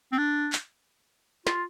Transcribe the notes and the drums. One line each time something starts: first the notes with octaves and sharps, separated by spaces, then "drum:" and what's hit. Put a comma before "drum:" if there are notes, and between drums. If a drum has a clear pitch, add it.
C4
D4
drum: clap
F4, drum: snare